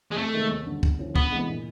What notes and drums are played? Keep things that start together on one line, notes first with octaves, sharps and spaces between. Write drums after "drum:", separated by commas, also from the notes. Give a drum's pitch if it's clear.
G#3
F2 A3
C3 D#3 G#3 B3
D#2
D3 G3 B3
G1, drum: kick
F#2 C#3 F3
D2 B3, drum: kick
C3 E3 G#3
A#2